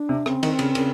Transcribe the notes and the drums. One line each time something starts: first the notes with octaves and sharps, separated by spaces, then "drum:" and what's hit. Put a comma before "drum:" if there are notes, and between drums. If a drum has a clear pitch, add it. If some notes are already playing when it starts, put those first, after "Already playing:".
Already playing: D4
C3
C#3 C4, drum: rim click
D#3, drum: cymbal
C#3, drum: cymbal
C#3, drum: cymbal